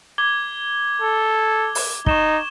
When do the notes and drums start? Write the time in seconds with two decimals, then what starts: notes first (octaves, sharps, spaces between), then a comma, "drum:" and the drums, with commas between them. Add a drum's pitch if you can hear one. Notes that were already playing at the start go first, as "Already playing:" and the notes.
0.18 D6 G#6 G7
1.02 A4
1.75 drum: open hi-hat
2.06 D#4 C#6 E7 G7, drum: kick